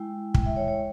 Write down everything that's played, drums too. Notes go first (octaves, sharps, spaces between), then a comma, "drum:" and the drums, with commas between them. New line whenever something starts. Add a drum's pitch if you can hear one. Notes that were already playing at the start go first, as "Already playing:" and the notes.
Already playing: G#3 E4 G5
G5, drum: kick
E5
C#5
C#5